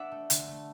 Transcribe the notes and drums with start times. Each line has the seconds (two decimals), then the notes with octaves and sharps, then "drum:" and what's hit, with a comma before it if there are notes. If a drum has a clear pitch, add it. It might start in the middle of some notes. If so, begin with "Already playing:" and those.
Already playing: B3 D4 D5 E5 F#5
0.12 A3
0.30 D3, drum: hi-hat
0.48 A3